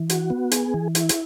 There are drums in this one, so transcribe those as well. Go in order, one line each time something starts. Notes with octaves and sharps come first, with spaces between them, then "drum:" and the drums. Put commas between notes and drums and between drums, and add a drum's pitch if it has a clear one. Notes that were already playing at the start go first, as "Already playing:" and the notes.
Already playing: E3
F#4, drum: hi-hat
B3
G#4, drum: hi-hat
E3
E4, drum: hi-hat
drum: hi-hat